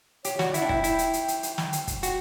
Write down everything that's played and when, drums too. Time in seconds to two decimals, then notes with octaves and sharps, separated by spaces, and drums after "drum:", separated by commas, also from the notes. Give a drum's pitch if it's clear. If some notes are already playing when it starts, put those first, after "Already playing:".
0.24 G4 C#5, drum: hi-hat
0.39 F#4, drum: snare
0.44 D5
0.54 E4 F#5, drum: hi-hat
0.62 D4 G5
0.69 E4, drum: kick
0.84 E4, drum: hi-hat
0.99 drum: hi-hat
1.13 drum: hi-hat
1.28 drum: hi-hat
1.43 drum: hi-hat
1.58 drum: snare
1.73 drum: hi-hat
1.88 drum: kick, hi-hat
2.03 F#4 G5, drum: hi-hat